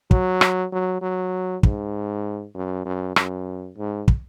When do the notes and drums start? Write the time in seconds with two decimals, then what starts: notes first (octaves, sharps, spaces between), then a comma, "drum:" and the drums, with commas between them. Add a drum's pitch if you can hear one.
0.11 F#3, drum: kick
0.41 drum: rim click
0.72 F#3
1.02 F#3
1.63 G#2, drum: kick
2.55 F#2
2.85 F#2
3.16 F#2, drum: rim click
3.78 G#2
4.08 drum: kick